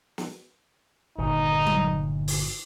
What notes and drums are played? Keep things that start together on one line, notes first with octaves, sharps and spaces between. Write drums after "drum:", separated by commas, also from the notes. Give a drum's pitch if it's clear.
drum: snare
G1 A#2 D#3 D#4
drum: tom F#3
drum: open hi-hat